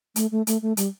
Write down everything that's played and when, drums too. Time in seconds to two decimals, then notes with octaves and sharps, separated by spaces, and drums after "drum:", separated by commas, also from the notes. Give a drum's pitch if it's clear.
0.16 A3, drum: hi-hat
0.31 A3
0.47 A3, drum: hi-hat
0.62 A3
0.77 G3, drum: hi-hat